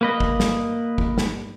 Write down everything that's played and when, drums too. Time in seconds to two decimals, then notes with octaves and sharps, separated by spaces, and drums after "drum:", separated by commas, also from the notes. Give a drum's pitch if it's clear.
0.01 A#3 B4 D#5
0.20 drum: kick
0.40 drum: snare
0.98 drum: kick
1.18 drum: snare